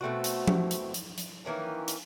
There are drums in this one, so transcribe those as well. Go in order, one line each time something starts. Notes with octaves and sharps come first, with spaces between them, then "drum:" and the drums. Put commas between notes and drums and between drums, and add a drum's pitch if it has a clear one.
B2 A3 C4 F#4
drum: hi-hat
drum: tom F3
drum: hi-hat
drum: hi-hat
drum: hi-hat
D#3 E3 A#3 C#4
drum: hi-hat